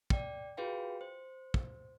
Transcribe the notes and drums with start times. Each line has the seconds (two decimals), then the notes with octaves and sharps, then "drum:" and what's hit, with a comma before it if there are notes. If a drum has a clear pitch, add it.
0.10 D5 G5, drum: kick
0.57 F4 F#4 G#4 B4 F5 G5
1.01 C5
1.54 drum: kick